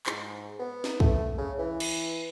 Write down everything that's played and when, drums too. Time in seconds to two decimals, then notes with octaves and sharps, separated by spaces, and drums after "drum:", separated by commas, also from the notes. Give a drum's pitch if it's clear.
0.06 G#2, drum: clap
0.59 B3
0.84 drum: snare
1.00 A3, drum: kick
1.38 C#3
1.58 E3
1.80 drum: cymbal